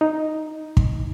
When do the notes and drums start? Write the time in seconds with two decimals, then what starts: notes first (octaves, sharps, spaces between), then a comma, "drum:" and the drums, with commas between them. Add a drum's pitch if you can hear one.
0.01 D#4
0.77 drum: kick